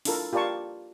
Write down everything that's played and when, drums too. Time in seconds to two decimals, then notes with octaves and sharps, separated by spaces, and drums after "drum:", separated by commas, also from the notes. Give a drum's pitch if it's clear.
0.05 D4 E4 F4 A4 A#4, drum: open hi-hat
0.33 F4 G4 A#4 D5 A5 C#6